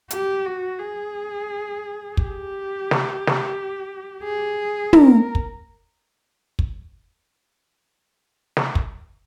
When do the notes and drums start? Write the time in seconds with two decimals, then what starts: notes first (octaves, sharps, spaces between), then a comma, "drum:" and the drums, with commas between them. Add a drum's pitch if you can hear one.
0.10 G4, drum: hi-hat
0.45 F#4
0.79 G#4
2.17 G4, drum: kick
2.91 drum: snare
3.27 drum: snare
4.23 G#4
4.93 A#4, drum: tom
5.35 drum: kick
6.59 drum: kick
8.57 drum: snare
8.75 drum: kick